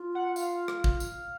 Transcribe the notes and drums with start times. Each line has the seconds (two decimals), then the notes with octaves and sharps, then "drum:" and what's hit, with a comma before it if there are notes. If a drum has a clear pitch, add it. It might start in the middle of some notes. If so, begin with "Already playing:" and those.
Already playing: F4
0.15 F#5
0.36 F5, drum: tambourine
0.68 drum: rim click
0.84 drum: kick
1.00 drum: tambourine